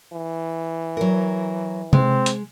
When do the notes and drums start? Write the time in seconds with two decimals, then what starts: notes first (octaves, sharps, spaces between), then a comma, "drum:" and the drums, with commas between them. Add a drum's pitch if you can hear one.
0.12 E3
0.97 F#3 A#4
1.93 G#3 C4, drum: tom C3
2.26 drum: hi-hat